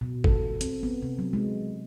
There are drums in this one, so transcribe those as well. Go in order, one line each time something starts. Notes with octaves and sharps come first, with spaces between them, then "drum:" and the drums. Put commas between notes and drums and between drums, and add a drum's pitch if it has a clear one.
B2
A4, drum: kick
C4, drum: hi-hat
B3
C3
F#3
G#3